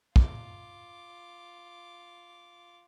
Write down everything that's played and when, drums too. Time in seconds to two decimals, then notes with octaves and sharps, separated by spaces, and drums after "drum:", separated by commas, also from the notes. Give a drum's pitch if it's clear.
0.16 F4 D6, drum: kick